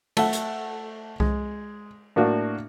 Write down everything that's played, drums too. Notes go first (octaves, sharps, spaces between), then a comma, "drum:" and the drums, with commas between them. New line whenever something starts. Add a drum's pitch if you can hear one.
A3 A4 E5 F#5, drum: cymbal
drum: hi-hat
G#3, drum: kick C2
A2 A#3 D4 F#4